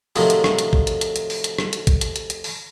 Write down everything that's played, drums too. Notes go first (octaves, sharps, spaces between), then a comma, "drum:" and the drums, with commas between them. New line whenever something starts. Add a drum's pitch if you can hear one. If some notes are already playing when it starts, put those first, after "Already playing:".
A2 C3 D#3 F3 F#3, drum: open hi-hat
drum: hi-hat
drum: rim click
drum: hi-hat
drum: kick A#1
drum: hi-hat
drum: hi-hat
drum: hi-hat
drum: open hi-hat
drum: hi-hat
drum: rim click
drum: hi-hat
drum: kick A#1, hi-hat
drum: hi-hat
drum: hi-hat
drum: hi-hat
drum: open hi-hat